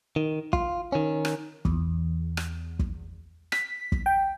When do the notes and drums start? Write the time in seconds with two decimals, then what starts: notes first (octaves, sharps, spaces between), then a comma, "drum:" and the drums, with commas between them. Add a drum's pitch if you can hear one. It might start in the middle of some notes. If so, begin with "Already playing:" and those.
0.16 D#3
0.53 F4, drum: kick
0.92 D#3 C#4
1.25 drum: rim click
1.65 E2, drum: kick
2.37 drum: rim click
2.79 drum: kick
3.52 B6, drum: rim click
3.92 drum: kick
4.06 G5